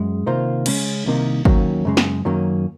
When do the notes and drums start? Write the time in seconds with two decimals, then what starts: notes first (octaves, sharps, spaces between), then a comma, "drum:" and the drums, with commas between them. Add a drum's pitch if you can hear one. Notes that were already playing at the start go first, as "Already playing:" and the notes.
Already playing: F#2 G#3
0.26 C3 D#3 A#3 F4 C5
0.66 C#3 G#3 C#4, drum: cymbal
1.06 C2 C3 D#3 A#3 D#4
1.45 D#2 D#3 F#3 A#3 C#4, drum: kick
1.85 F#2 C#3 G#3
1.97 drum: snare
2.25 F#2 D#3 F#3 A#3 C#4